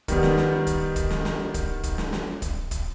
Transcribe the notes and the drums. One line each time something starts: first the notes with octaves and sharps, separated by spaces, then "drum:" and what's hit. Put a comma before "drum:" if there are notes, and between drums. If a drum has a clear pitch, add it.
D#3 G3 B3, drum: kick, hi-hat
drum: snare
drum: snare
drum: kick, hi-hat
drum: kick, hi-hat
drum: snare
drum: snare
drum: kick, hi-hat
drum: kick, hi-hat
drum: snare
drum: snare
drum: kick, hi-hat
drum: kick, hi-hat